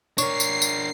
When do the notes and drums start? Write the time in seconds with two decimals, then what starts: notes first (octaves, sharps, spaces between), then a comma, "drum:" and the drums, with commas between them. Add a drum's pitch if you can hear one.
0.18 D4 A#4 C#5 C7, drum: tambourine
0.40 drum: tambourine
0.62 drum: tambourine